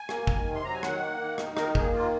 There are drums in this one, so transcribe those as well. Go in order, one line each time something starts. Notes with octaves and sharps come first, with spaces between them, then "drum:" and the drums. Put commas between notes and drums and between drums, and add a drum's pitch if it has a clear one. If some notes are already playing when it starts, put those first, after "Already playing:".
Already playing: G#5
A#3, drum: rim click
D#3, drum: kick
C3
C6
F#3 A#5
G#5
D#3 F#5, drum: rim click
A#3
D#3
D#4, drum: rim click
D#3 A#4, drum: rim click
A#3 G#4, drum: kick
D#3 F4